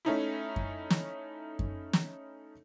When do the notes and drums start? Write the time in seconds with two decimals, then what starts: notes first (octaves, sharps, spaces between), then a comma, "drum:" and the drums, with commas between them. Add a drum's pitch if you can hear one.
0.05 A3 C#4 D#4 E4
0.56 drum: kick F#2
0.90 drum: snare
1.59 drum: kick F#2
1.93 drum: snare